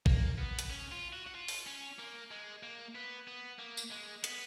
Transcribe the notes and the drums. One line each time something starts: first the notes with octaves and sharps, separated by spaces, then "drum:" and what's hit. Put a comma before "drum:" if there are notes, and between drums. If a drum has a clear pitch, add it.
A#3, drum: kick A#1
B3
drum: hi-hat
C#4
F4
F#4
F#4
F4
drum: open hi-hat
C#4
A#3
G#3
A#3
B3
B3
A#3
drum: tambourine
G#3
B3, drum: hi-hat